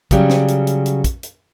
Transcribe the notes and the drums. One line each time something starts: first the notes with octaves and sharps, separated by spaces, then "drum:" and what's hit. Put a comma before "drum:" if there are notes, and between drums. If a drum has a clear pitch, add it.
C#3 F#3 G3, drum: kick, hi-hat
drum: snare
drum: hi-hat
drum: hi-hat
drum: hi-hat
drum: kick, hi-hat
drum: hi-hat